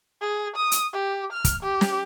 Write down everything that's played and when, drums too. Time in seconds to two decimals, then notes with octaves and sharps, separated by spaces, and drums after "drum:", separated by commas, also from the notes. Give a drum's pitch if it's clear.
0.21 G#4
0.56 D#6
0.72 drum: hi-hat
0.93 G4
1.32 F6
1.45 drum: kick, hi-hat
1.63 G4
1.81 drum: snare